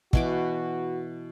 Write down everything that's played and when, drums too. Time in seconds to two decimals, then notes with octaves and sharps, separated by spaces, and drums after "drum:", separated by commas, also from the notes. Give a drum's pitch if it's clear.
0.13 B2 E3 F#4 D6, drum: kick